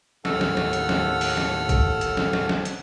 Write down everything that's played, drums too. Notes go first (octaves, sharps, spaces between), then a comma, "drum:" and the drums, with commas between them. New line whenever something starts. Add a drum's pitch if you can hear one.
D#2 A2 A4 F#5 E6 F6, drum: snare
drum: snare
drum: snare
drum: hi-hat
drum: snare
drum: open hi-hat
drum: snare
drum: kick, hi-hat
drum: hi-hat
drum: snare
drum: snare
drum: snare
drum: hi-hat